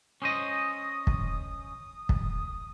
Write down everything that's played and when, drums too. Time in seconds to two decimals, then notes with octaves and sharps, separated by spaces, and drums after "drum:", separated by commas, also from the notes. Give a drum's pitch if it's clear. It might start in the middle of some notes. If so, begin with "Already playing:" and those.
0.22 C#4 C5 D#5 D#6
1.07 drum: kick
2.09 drum: kick